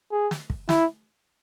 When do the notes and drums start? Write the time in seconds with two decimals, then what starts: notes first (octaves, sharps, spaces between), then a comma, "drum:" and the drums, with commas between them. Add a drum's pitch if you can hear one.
0.12 G#4
0.31 drum: snare
0.50 drum: kick
0.69 E4, drum: snare